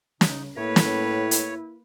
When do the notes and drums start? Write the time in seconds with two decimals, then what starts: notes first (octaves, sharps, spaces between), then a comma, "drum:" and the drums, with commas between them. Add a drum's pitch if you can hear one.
0.21 C#3 D#4, drum: snare
0.57 A2 A#3 E4 B4 C#5
0.76 drum: snare
1.31 drum: hi-hat